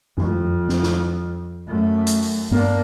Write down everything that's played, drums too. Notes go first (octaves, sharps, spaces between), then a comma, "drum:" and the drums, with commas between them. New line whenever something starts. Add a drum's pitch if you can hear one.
F2, drum: tom F#2
C4, drum: snare
drum: snare
F#2 A3
drum: hi-hat
drum: open hi-hat
G2 A#3 B3 D4